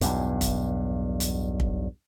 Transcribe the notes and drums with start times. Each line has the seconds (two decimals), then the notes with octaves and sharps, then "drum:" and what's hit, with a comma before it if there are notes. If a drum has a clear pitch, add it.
0.01 B1 E2 G2, drum: hi-hat
0.41 drum: kick, hi-hat
1.20 drum: hi-hat
1.60 drum: kick